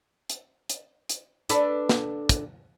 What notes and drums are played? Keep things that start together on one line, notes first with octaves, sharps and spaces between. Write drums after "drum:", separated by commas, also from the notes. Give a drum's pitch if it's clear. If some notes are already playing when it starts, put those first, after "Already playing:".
drum: hi-hat
drum: hi-hat
drum: hi-hat
D4 A4 B4, drum: hi-hat
drum: snare
drum: kick, hi-hat